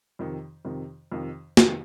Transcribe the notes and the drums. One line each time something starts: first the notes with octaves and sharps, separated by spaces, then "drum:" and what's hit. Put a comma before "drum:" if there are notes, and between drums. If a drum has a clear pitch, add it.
F2 C3 D#3
F2 C3 D#3
F2 C3 D#3
F2 C3 D#3, drum: snare